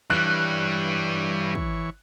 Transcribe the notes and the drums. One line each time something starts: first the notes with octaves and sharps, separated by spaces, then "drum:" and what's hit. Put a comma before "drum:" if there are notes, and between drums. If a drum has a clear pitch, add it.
G2 E3 G3 C#5 F#6
drum: kick